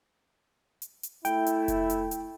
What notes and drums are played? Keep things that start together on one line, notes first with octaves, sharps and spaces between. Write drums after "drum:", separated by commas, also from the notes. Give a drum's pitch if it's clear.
drum: hi-hat
drum: hi-hat
A3 E4 G5, drum: hi-hat
drum: hi-hat
drum: kick F1, hi-hat
drum: hi-hat
drum: hi-hat